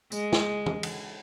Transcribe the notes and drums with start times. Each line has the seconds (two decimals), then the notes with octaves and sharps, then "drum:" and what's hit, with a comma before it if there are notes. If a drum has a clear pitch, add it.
0.12 G#3, drum: tambourine
0.33 drum: snare
0.66 drum: tom E3
0.83 drum: cymbal